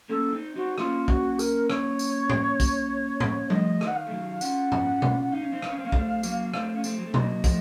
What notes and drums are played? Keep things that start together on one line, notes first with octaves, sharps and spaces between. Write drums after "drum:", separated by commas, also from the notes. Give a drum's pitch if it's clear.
A#3 C#4 A4
F4
C4 D#4
C4 D#4 F#4
A#3 C#4 F4, drum: rim click
F#4, drum: kick
A#4, drum: tambourine
C#5, drum: rim click
drum: tambourine
drum: tom A2
drum: kick, tambourine
drum: tom A2
F3 A3 D#5, drum: tom G3
D#3, drum: rim click
F#5
F5
A3
D#3 F#3
C#4 F4 F#5, drum: tambourine
drum: tom G#2
drum: tom B2
F#5
D#4 F5
C#4
C4 D#4
D#4, drum: rim click
C#4
C4
A#3 C#4
A3 C4, drum: kick
F#3 A#3, drum: tambourine
A3 C4, drum: rim click
C#4
A3 C4, drum: tambourine
F#3
A3
F#3 A#3 D#5, drum: tom B2
F3 A3, drum: kick, tambourine